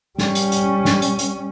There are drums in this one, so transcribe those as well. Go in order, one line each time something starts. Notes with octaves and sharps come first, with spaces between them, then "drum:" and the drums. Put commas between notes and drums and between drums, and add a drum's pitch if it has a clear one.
G3 C#4, drum: snare
drum: hi-hat
drum: hi-hat
drum: snare
drum: hi-hat
drum: hi-hat